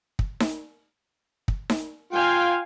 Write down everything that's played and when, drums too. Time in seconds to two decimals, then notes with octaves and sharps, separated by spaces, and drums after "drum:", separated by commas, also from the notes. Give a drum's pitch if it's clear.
0.19 drum: kick
0.40 drum: snare D#4
1.48 drum: kick
1.70 drum: snare D#4
2.13 F4 F5 G5 G#5